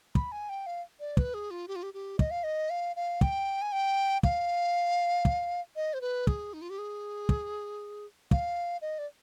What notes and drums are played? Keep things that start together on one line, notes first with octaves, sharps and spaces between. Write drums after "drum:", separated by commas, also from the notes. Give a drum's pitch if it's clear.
B5, drum: kick
G#5
G5
F5
D5
B4, drum: kick
G#4
F4
G4
F4
G4
G4
D#5, drum: kick
F5
D#5
F5
F5
G5, drum: kick
G#5
G5
F5, drum: kick
drum: kick
D#5
C5
B4
G#4, drum: kick
D#4
F4
G4
G#4
drum: kick
F5, drum: kick
D#5
D5